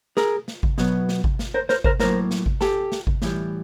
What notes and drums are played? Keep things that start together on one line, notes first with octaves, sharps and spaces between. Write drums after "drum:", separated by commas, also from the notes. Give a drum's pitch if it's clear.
G#4 A#4, drum: snare
drum: snare
drum: kick G#1
B2 F#3 B3, drum: snare
drum: snare
drum: kick G#1
drum: snare
A#4 C5
A#4 C5, drum: snare
A#4 C5, drum: kick G#1
A2 F#3 A#3 A#4 C5, drum: snare
drum: snare
drum: kick G#1
G4 A4, drum: snare
drum: snare
drum: kick G#1
A2 E3 G3, drum: snare